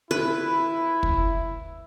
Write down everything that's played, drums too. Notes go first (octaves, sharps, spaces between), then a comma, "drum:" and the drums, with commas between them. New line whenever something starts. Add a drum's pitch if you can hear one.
E4 B4
drum: kick